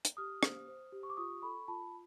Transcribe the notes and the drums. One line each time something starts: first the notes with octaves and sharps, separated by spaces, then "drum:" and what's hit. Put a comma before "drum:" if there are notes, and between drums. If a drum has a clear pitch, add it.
drum: hi-hat
G4 D#6 F6
C5, drum: rim click
C5
G4
C#6
D6
F4 C#6 D#6
A4 B5 C#6
F4 A5 B5